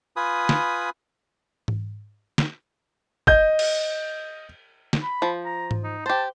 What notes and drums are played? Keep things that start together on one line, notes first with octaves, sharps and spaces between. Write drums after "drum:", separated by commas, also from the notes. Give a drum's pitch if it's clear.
F4 B4 G#5 B5 D#6
drum: snare
drum: tom G#2
drum: snare
D#5 G6, drum: kick
drum: cymbal
drum: snare
B5
F3
A#5
drum: tom G#2
D#4
G4 C5 A5